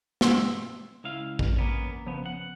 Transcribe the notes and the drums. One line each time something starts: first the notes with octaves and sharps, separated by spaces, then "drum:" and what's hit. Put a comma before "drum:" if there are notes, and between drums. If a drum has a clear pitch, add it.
F#5 C6 E6, drum: snare
C#2 E4 F5
A1 F2, drum: kick
A#3 B3 C#4
C#3 F3 B3
F#5